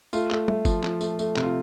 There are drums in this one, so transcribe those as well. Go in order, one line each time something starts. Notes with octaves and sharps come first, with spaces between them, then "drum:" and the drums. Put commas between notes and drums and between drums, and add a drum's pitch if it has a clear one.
A3 F4, drum: tambourine
A3, drum: clap
A3, drum: tom
F3, drum: kick G1, tambourine
F3, drum: clap
A3, drum: tambourine
A3, drum: tambourine
C3, drum: clap
F4